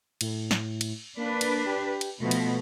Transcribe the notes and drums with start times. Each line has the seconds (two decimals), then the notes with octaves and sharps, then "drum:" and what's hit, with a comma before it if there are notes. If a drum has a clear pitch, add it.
0.21 A2, drum: cymbal
0.51 drum: snare
0.81 drum: cymbal
1.17 A#3 D4 B4
1.41 drum: cymbal
1.66 G4
2.01 drum: cymbal
2.22 B2 F3 A3
2.31 drum: cymbal